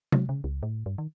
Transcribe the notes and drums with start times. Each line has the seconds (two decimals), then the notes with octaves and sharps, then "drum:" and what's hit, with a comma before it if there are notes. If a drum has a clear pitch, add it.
0.12 F#3, drum: tom C3
0.29 C#3
0.44 C#2
0.63 A2
0.86 G2
0.98 D#3